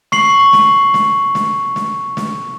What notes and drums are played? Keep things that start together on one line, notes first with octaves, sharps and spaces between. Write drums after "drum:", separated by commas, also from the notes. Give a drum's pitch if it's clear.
C#6 C7 F#7, drum: snare
drum: snare
drum: snare
drum: snare
drum: snare
drum: snare